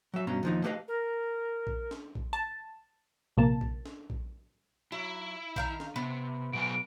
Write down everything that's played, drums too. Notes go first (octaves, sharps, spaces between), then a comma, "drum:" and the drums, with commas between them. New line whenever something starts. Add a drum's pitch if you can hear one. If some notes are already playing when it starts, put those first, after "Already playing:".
F#3 E5
G2 B2 C#4 A#5
D#2 F3 D#4
A3 G4 B4 C5 D#5 F5
A#4
drum: kick A#1
drum: snare
drum: kick A#1
A5
A#1 C3 A#3 A5
drum: kick A#1
drum: snare
drum: kick A#1
F#3 E4
D#3 F5 A#5, drum: kick A#1
drum: snare
C3 B3
B2 F#3 G#5 D7